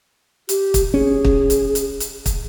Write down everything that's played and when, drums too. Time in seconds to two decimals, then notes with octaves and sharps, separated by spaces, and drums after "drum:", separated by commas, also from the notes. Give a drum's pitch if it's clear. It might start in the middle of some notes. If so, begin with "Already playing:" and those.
0.49 G4, drum: hi-hat
0.74 drum: kick, hi-hat
0.94 C#4 G#4
1.25 drum: kick
1.50 drum: hi-hat
1.75 drum: hi-hat
2.00 drum: hi-hat
2.26 drum: kick, hi-hat